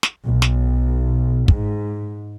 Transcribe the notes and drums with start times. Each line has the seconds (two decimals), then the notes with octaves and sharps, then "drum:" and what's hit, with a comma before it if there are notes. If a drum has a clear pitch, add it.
0.03 drum: snare
0.25 B1
0.42 drum: snare
1.48 G#2, drum: kick